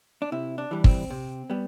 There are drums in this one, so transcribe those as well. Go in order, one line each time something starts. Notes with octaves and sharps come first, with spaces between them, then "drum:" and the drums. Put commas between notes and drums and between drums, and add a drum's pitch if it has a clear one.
D4
C3 E4
D4
E3 G3
C4, drum: kick
C3
G3 B3